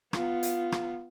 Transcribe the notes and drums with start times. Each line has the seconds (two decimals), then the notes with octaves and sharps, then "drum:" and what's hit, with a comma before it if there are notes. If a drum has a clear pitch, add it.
0.13 B3 F4, drum: rim click
0.43 drum: hi-hat
0.72 drum: rim click